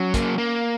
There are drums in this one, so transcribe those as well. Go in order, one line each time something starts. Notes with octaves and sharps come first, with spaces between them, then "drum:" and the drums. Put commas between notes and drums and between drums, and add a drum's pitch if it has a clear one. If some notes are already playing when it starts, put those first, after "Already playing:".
Already playing: F#3 C#4
A#3, drum: kick, hi-hat
A#3